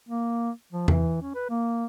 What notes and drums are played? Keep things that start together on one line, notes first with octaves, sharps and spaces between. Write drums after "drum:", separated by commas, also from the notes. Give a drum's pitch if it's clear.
A#3
F3
E3, drum: tom E2
C#4
B4
A#3